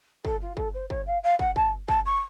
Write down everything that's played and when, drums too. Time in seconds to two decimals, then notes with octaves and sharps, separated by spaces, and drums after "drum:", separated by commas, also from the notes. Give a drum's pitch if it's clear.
0.25 A4, drum: kick
0.42 F4
0.57 A4, drum: kick
0.74 C5
0.90 C#5, drum: kick
1.07 F5
1.23 F5
1.39 F#5, drum: kick
1.56 A5, drum: kick
1.88 A5, drum: kick
2.06 C#6